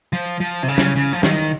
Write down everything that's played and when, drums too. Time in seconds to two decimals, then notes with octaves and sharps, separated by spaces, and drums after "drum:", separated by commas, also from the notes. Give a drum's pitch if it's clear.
0.13 F3
0.40 F3
0.63 C3
0.68 C#3
0.78 drum: snare
0.96 C#3
1.13 F3
1.23 D#3, drum: snare